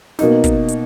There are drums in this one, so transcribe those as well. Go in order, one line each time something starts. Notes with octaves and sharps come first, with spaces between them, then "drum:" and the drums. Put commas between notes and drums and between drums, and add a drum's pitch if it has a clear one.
B2 A#3 D#4, drum: snare
drum: kick, hi-hat
drum: hi-hat